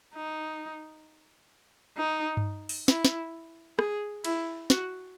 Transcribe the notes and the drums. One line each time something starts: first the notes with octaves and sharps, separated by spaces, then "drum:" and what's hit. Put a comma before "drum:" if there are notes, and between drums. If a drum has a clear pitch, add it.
D#4
D#4
drum: tom G2
drum: open hi-hat
E4, drum: snare
drum: snare
G#4, drum: rim click
E4, drum: cymbal
F#4, drum: snare